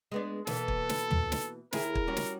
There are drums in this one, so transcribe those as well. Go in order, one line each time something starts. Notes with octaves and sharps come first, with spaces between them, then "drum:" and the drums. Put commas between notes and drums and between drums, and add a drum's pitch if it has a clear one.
G#3 B3 D4
B2 E3 A#3 A4, drum: snare
drum: kick
drum: snare
drum: tom
drum: snare
D#2 E4 G#4 A#4, drum: snare
drum: kick
G3 C#4 F#4
drum: snare